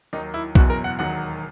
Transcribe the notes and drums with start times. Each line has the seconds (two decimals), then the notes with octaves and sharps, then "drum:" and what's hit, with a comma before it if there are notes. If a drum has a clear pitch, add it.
0.13 D#2 D#3 F#3 D#4
0.34 E4
0.55 F#1 E2 B2 F#3 F#4, drum: kick B1
0.70 A#4
0.84 F#5
0.99 E1 D#2 D#3 F#3 F#5